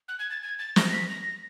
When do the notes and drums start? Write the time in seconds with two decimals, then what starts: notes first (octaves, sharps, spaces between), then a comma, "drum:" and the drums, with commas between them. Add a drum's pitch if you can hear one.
0.08 F#6
0.19 G#6
0.30 A6
0.43 G#6
0.59 A6
0.76 A#6, drum: snare
0.92 B6
1.10 A#6